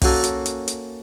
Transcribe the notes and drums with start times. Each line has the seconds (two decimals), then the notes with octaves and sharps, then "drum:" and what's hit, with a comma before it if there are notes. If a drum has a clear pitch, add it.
0.02 A#3 C#4 F#4 A4, drum: kick, open hi-hat
0.24 drum: hi-hat
0.46 drum: hi-hat
0.68 drum: hi-hat